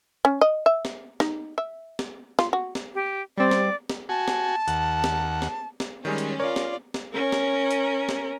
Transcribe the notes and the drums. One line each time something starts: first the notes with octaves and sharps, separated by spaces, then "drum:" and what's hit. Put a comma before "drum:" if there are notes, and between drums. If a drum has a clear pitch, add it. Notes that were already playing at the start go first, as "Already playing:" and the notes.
C#4
D#5
E5
drum: snare
D#4, drum: snare
E5
drum: snare
F4, drum: snare
F#4
drum: snare
G4
G3 C4 D5
drum: snare
drum: snare
F#4 G#5 A5
drum: snare
D#2 F#5, drum: hi-hat
drum: snare
drum: snare
drum: snare
D#3 G3 G#3 C#4
drum: hi-hat
F4 A#4 C#5 D5
drum: snare
drum: snare
C#4 A#4
drum: snare
drum: hi-hat
drum: snare